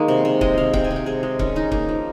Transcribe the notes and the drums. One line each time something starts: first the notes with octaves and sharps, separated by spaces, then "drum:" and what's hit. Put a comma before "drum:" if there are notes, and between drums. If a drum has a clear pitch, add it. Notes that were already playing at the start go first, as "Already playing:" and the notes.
Already playing: D#3 G#3 A#3 G5
C3
C3
G#3 D#5, drum: kick C#1
C3 F5
C3 G5, drum: kick C#1
G#5
C3
G5
G#3 G#4
G#3
D#3 C#4, drum: kick C#1
D#3 D#4
A#3 D#4, drum: kick C#1
F3